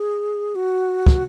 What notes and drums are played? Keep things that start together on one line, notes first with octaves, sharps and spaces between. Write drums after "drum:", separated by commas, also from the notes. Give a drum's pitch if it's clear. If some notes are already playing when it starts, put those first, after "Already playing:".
Already playing: G#4
F#4
drum: kick